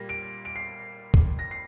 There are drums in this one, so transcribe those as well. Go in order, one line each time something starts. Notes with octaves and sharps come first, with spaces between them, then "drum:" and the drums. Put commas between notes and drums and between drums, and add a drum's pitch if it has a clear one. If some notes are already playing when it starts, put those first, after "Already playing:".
Already playing: A#2 G3 A#3 A#6
D7
D7
C7
drum: kick
A#6
C7